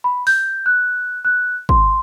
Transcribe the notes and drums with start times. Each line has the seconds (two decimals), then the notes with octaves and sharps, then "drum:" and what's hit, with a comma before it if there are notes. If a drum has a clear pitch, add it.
0.04 B5
0.27 G6, drum: open hi-hat
0.66 F#6
1.25 F#6
1.69 C6, drum: kick